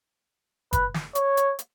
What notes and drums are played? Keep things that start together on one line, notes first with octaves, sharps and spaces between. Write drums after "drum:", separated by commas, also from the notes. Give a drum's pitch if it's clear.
B4, drum: kick, hi-hat
drum: snare
C#5, drum: hi-hat
drum: hi-hat
drum: hi-hat